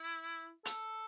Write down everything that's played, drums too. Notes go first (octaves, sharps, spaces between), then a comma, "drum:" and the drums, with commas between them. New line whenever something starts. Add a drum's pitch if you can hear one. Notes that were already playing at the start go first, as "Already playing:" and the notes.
Already playing: E4
A4, drum: hi-hat